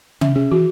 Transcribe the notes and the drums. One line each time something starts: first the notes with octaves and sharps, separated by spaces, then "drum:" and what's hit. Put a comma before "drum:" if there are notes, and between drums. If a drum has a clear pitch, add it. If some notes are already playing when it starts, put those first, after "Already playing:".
C#4 E5, drum: tom
C#4 G#4
E3 F#4